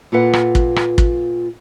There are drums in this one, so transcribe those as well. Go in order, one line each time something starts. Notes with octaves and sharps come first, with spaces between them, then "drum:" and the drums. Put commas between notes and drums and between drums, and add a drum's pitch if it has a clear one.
A#2 F4 A4 B4 F#5
drum: rim click
drum: kick
drum: rim click
drum: kick